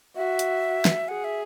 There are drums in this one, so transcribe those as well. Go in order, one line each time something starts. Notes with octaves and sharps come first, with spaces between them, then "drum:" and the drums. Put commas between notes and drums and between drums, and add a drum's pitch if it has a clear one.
F#4 E5
drum: hi-hat
drum: snare
G#4 F#5
E5